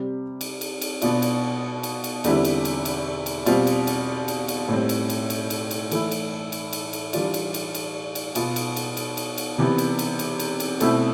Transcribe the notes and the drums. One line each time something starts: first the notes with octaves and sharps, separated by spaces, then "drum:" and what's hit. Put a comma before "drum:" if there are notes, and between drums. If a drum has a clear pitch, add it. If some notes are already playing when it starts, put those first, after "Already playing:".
Already playing: C3 G3 C4
drum: cymbal
drum: cymbal
drum: cymbal
B2 B3 D4 F4, drum: cymbal
drum: cymbal
drum: cymbal
drum: cymbal
E2 D3 G3 C4 E4, drum: cymbal
drum: cymbal
drum: cymbal
drum: cymbal
drum: cymbal
B2 G3 C4 F4, drum: cymbal
drum: cymbal
drum: cymbal
drum: cymbal
drum: cymbal
A2 G3 C4
drum: cymbal
drum: cymbal
drum: cymbal
drum: cymbal
drum: cymbal
E3 A3 E4, drum: cymbal
drum: cymbal
drum: cymbal
drum: cymbal
drum: cymbal
E3 G3 D4 F4, drum: cymbal
drum: cymbal
drum: cymbal
drum: cymbal
drum: cymbal
B2 B3 F4, drum: cymbal
drum: cymbal
drum: cymbal
drum: cymbal
drum: cymbal
drum: cymbal
C3 E3 B3
drum: cymbal
drum: cymbal
drum: cymbal
drum: cymbal
drum: cymbal
B2 A3 C4 E4, drum: cymbal